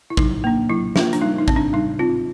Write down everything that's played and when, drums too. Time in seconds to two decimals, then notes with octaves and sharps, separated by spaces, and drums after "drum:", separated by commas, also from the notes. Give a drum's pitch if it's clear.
0.10 E4
0.17 F#3 D#4, drum: kick
0.44 A#3 D4
0.69 F#3 E4
0.96 A#3 D4 F4, drum: snare
1.13 D4, drum: hi-hat
1.21 G3 D#4
1.39 D#4
1.48 C4, drum: kick
1.56 D4
1.73 G3 D#4
1.99 C4 F4